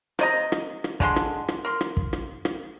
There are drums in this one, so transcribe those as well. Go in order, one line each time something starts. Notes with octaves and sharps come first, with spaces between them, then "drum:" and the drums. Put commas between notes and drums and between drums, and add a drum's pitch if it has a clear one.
C3 D#5 A#5, drum: rim click
drum: rim click
drum: rim click
D3 G#3 C6, drum: kick
drum: rim click
drum: rim click
A#4 C6
drum: rim click
drum: kick
drum: rim click
drum: rim click